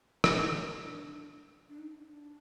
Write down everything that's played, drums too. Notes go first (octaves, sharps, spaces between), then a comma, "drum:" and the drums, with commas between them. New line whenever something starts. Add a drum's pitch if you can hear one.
D4, drum: rim click
D#4
D4
D4
D#4
D4